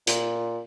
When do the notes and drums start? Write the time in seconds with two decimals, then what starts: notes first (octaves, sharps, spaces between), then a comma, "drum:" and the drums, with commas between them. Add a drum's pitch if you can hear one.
0.07 A#2, drum: hi-hat